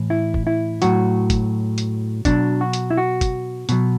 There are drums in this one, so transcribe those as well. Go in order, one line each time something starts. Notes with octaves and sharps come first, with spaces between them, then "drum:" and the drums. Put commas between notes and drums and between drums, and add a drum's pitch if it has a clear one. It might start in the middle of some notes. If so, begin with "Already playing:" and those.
Already playing: A2 E3
E4
drum: kick F#1
E4
A2 F#3 F#4, drum: hi-hat
drum: kick F#1, hi-hat
drum: hi-hat
B2 F#3 D4, drum: kick F#1, hi-hat
F#4
drum: hi-hat
E4
F#4
drum: kick F#1, hi-hat
B2 F#3, drum: hi-hat